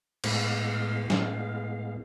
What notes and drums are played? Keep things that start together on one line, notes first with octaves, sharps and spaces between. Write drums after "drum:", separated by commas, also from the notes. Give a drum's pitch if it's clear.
A2 G#3 B3 F5, drum: cymbal
A2 G#3 B3, drum: snare